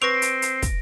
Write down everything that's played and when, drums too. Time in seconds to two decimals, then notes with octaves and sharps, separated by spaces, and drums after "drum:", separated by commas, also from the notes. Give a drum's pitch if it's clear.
0.02 C4 B4 C#6 A#6 C7 D7 F7
0.22 drum: hi-hat
0.42 drum: hi-hat
0.62 drum: kick, hi-hat